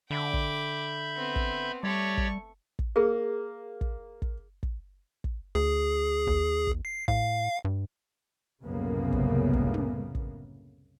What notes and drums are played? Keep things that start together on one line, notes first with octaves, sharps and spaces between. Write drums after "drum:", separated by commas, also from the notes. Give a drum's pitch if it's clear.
D3 E5 G5 B5 D6 G6
drum: kick
B3 C4
drum: kick
G3 A3 G4 C#5 D5 C#6
drum: kick
drum: kick
A#3 G#4 A#4
drum: kick
drum: kick
drum: kick
drum: kick
D2 G#4
D#2, drum: kick
drum: kick
C7
A2 F5, drum: kick
G2
C2 F#2 A2 C#3 A#3 B3
drum: kick
drum: kick
drum: tom
drum: kick